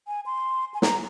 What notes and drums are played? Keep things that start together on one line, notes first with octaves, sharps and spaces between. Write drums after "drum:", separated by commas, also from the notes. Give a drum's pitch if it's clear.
G#5
C6
G#5
A#5, drum: snare